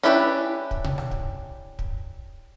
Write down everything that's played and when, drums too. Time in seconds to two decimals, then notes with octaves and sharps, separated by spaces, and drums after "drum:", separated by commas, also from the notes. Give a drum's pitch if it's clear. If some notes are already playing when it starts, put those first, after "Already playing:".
0.03 C#4 D4 E4 G4 B4
0.71 drum: kick
0.84 drum: tom B2
0.98 drum: rim click
1.11 drum: kick
1.79 drum: kick